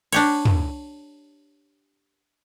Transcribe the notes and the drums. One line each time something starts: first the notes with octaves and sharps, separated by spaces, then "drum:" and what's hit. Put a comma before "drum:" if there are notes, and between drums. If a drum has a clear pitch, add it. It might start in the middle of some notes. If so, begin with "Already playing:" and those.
D4 G4 C#5, drum: cymbal
drum: tom